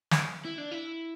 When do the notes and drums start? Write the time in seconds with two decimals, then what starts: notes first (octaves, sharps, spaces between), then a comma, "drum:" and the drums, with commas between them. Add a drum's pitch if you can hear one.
0.11 drum: snare
0.45 E4
0.58 D4
0.71 E4